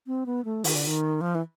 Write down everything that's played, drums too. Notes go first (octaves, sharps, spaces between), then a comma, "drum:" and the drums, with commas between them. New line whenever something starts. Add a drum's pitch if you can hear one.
C4
B3
A3
D#3, drum: open hi-hat
D3
D#3
F3
E3